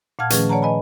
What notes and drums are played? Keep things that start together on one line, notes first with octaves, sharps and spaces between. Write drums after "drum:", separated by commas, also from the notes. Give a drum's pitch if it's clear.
A#2 F5 F#5 A5 F6 G#6
D#3 F3 A3 C#4 G#4 B4, drum: hi-hat
C#5 D5 F#5 A5 A#5
B4 D#5 G#5 B5